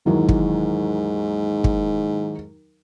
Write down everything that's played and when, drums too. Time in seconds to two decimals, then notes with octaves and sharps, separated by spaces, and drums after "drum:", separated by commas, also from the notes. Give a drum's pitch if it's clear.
0.06 D#2 G#2 E3 F#3
0.29 drum: kick
1.64 drum: kick